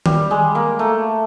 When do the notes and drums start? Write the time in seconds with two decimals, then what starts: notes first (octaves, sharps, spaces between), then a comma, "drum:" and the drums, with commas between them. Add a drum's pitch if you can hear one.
0.06 G3, drum: tom D#3
0.31 G#3
0.55 A#3
0.79 A3